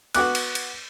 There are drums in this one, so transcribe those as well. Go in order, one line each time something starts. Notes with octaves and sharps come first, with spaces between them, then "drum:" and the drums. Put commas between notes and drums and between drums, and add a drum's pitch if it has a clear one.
B3 F#4 D6 F#6, drum: cymbal
drum: cymbal
drum: cymbal